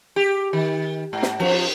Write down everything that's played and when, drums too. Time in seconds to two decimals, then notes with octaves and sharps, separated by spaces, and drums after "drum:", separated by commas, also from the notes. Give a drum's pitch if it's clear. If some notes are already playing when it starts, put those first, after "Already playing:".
0.16 G4
0.53 D#3
1.13 G#2
1.23 drum: snare
1.40 F3, drum: cymbal